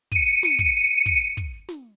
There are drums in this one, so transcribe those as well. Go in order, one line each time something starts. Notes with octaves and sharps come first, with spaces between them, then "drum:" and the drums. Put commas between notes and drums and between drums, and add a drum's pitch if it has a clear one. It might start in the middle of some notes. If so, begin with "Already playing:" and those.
C#7 D#7, drum: kick
drum: snare
drum: kick
drum: kick
drum: kick
drum: snare